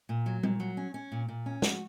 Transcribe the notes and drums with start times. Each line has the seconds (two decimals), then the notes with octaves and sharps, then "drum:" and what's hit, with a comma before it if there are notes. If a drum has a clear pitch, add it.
0.09 A#2
0.26 F#3
0.43 A#2, drum: tom G3
0.60 F#3
0.77 C#4
0.94 C#4
1.12 A#2
1.28 A#2
1.46 C#4
1.62 F#4, drum: snare